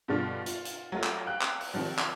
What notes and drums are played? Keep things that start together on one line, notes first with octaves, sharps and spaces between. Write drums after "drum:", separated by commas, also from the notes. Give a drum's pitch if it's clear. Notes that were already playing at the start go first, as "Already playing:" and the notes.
G2 B2 D3 D4 F4
F4, drum: hi-hat
drum: hi-hat
F#3 A3 F4
drum: clap
F5 G5 F#6
drum: clap
drum: open hi-hat
C3 D#3 F3 F#3
drum: clap